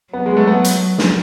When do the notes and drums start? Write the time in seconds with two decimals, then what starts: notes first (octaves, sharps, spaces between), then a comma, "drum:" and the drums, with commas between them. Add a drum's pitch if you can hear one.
0.13 F#3 B3
0.26 G#3
0.37 A3
0.47 B3
0.64 drum: hi-hat
0.98 drum: snare